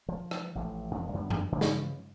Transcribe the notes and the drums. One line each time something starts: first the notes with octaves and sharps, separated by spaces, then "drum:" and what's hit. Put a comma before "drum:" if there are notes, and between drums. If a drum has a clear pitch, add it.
F3
drum: rim click
A1 F3 A3
E1 F2 E3
F#2 D3 G3 B3
drum: tom G2
C#3 E3 F3
drum: snare